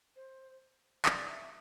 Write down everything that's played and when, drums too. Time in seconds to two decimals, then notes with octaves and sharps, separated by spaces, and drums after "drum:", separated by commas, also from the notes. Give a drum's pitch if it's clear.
0.16 C5
1.05 D5, drum: clap
1.28 E5